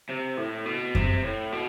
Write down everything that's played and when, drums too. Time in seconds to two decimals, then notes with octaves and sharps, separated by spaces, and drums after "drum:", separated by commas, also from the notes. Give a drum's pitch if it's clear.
0.09 C3
0.37 A2
0.66 B2
0.95 C3, drum: kick F#2
1.24 A2
1.52 B2